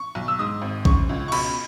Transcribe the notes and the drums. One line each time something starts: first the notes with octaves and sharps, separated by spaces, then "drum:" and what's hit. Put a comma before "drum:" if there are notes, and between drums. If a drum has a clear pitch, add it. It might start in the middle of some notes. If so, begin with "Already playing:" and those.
Already playing: C#6
B1
E6
G#2 D#6
G#1
C#3 C#6, drum: kick B1
C#2
C#6
B2 B5, drum: cymbal